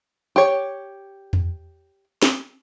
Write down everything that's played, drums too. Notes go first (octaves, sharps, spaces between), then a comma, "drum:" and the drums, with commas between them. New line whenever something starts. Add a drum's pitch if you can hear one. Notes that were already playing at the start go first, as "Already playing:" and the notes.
G4 C#5
drum: tom E2
drum: snare